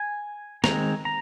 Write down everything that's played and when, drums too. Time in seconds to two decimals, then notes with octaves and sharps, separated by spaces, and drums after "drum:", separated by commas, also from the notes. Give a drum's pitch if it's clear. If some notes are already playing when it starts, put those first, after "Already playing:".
Already playing: G#5
0.64 D#3 G#3 C4 A#5, drum: snare
1.05 A#5